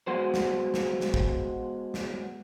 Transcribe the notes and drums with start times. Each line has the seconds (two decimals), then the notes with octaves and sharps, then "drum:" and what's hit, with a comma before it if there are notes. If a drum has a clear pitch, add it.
0.07 G#3 B3 F#4 C5
0.34 drum: snare
0.74 drum: snare
1.01 drum: snare
1.14 drum: kick
1.94 drum: snare